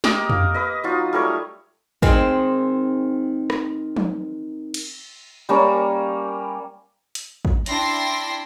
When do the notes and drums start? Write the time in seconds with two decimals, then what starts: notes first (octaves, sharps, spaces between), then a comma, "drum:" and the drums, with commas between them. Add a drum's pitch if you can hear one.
0.04 G4 A#4 D#5 D6, drum: snare
0.29 A#3, drum: tom F2
0.54 B4 D#5
0.84 F#3 D#4 F4
1.13 G3 A3 A#4 C#5
2.02 D#3 G#3 C4, drum: kick
3.50 drum: rim click
3.96 drum: tom
4.74 drum: cymbal
5.49 G3 A#3 C#4
7.15 drum: hi-hat
7.45 drum: kick
7.66 D4 E4 G5 C6 A#6, drum: hi-hat